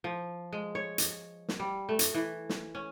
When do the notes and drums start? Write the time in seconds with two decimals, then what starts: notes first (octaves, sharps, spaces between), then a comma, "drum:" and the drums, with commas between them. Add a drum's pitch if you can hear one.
0.04 F3
0.53 G#3
0.75 C#5
0.98 drum: hi-hat
1.48 drum: snare
1.60 G3
1.89 A3
1.99 drum: hi-hat
2.14 E3
2.49 drum: snare
2.75 C#4